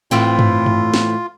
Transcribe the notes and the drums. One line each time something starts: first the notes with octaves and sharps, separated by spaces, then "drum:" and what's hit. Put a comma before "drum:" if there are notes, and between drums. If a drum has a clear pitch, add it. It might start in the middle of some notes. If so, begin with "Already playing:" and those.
A2 E3 C4 F4
drum: tom G2
drum: tom G2
drum: snare